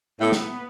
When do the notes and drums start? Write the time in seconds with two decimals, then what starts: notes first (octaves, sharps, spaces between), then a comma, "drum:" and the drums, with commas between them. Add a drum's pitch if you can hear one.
0.21 A2 B3
0.32 drum: snare